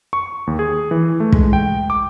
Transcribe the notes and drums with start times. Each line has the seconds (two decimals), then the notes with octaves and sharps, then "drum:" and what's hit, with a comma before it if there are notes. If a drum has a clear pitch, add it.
0.13 C#6
0.47 D#2
0.59 G#4
0.91 E3
1.20 A3
1.32 G#3, drum: kick
1.53 G5
1.90 D6